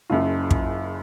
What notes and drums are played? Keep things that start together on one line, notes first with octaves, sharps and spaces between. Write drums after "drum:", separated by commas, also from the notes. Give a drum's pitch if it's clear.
F#1 F#2 C#3 F4
drum: kick